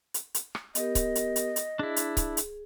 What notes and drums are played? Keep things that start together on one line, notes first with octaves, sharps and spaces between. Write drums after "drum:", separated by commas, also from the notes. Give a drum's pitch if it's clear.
drum: hi-hat
drum: hi-hat
drum: rim click
B3 G4 A#4 D#5, drum: hi-hat
drum: kick C#1, hi-hat
drum: hi-hat
drum: hi-hat
drum: hi-hat
D4 E4 G#4
drum: hi-hat
drum: kick C#1, hi-hat
drum: hi-hat